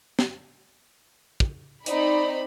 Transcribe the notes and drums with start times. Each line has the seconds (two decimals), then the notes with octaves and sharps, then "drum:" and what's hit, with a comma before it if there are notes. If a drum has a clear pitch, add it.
0.19 drum: snare
1.40 drum: kick
1.86 C4 D#4 D5 B5, drum: hi-hat